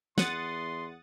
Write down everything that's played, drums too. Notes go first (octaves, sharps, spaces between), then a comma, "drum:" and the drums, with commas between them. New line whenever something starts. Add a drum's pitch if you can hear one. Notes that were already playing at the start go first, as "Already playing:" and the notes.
E2 F#5 C6 D#6 A6, drum: snare